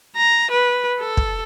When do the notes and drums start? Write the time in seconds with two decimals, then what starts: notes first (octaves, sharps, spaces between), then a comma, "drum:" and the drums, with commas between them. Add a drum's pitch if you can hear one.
0.17 A#5
0.51 B4
1.00 A4
1.17 drum: kick